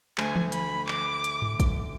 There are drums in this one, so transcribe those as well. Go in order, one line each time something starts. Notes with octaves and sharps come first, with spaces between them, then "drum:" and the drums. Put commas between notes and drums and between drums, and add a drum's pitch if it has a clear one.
D2 G#5, drum: clap
drum: tom E3
B5, drum: hi-hat
D6, drum: clap
drum: hi-hat
drum: tom G#2
drum: kick, hi-hat